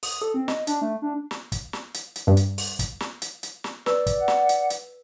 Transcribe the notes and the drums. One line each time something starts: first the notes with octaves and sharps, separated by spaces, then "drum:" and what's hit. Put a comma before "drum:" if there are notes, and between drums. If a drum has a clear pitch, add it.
D#6, drum: open hi-hat
A4
C4
D#5, drum: snare
D4, drum: hi-hat
A3
D4
drum: snare
drum: kick, hi-hat
drum: snare
drum: hi-hat
drum: hi-hat
G2
drum: hi-hat
drum: open hi-hat
drum: kick, hi-hat
drum: snare
drum: hi-hat
drum: hi-hat
drum: snare
B4 D5 E6, drum: snare
drum: kick, hi-hat
F#5
drum: snare
drum: hi-hat
drum: hi-hat